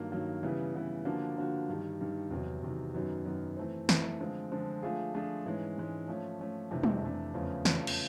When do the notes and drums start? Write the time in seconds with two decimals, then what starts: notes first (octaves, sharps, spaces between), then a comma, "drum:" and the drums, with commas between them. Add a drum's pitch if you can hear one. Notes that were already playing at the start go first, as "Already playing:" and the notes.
Already playing: G2 D#3 F#3 A#3
0.12 G2 D#3 F#3 A#3
0.43 C#3 E3 G3 B3 E4
0.75 C#3 E3 G3 B3 E4
1.05 D3 F3 A#3 D4 F#4
1.37 D3 F3 A#3 D4 F#4
1.69 G2 D#3 G3
2.00 G2 D#3 G3
2.31 E2 C3 D#3 F#3
2.63 E2 C3 D#3 F#3
2.94 F#2 D#3 F#3 B3
3.25 F#2 D#3 F#3 B3
3.57 E3 A3 C4
3.89 E3 A3 C4, drum: snare
4.19 D3 F3 G#3 C4 F4
4.51 D3 F3 G#3 C4 F4
4.83 F3 A3 D4 F4 G#4
5.14 F3 A3 D4 F4 G#4
5.46 G#2 E3 G#3 C#4
5.77 G#2 E3 G#3 C#4
6.07 F3 A3 C#4
6.39 F3 A3 C#4
6.71 F2 C3 E3 A3 D4
6.83 drum: tom G3
7.02 F2 C3 E3 A3 D4
7.34 E2 C#3 F3 A3 C#4
7.65 E2 C#3 F3 A3 C#4, drum: snare
7.87 drum: cymbal